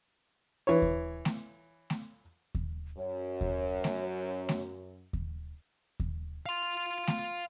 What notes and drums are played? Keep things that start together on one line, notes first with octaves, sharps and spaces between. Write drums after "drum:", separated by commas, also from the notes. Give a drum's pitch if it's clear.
E3 C#5
drum: kick D#2
drum: snare A3
drum: snare A3
drum: kick D#2
F#2 C#5
drum: kick D#2
drum: snare A3
drum: snare A3
drum: kick D#2
drum: kick D#2
F5 C6
drum: snare A3